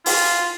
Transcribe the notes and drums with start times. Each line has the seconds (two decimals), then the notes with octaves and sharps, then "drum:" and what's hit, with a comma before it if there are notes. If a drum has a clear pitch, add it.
0.06 F4, drum: open hi-hat